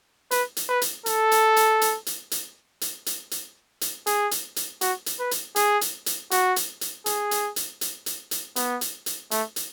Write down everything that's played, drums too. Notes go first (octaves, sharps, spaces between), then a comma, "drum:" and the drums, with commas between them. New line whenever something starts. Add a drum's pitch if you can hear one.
B4, drum: hi-hat
drum: hi-hat
B4
drum: hi-hat
A4, drum: hi-hat
drum: hi-hat
drum: hi-hat
drum: hi-hat
drum: hi-hat
drum: hi-hat
drum: hi-hat
drum: hi-hat
drum: hi-hat
drum: hi-hat
G#4, drum: hi-hat
drum: hi-hat
drum: hi-hat
F#4, drum: hi-hat
drum: hi-hat
B4
drum: hi-hat
G#4, drum: hi-hat
drum: hi-hat
drum: hi-hat
F#4, drum: hi-hat
drum: hi-hat
drum: hi-hat
G#4, drum: hi-hat
drum: hi-hat
drum: hi-hat
drum: hi-hat
drum: hi-hat
drum: hi-hat
B3, drum: hi-hat
drum: hi-hat
drum: hi-hat
A3, drum: hi-hat
drum: hi-hat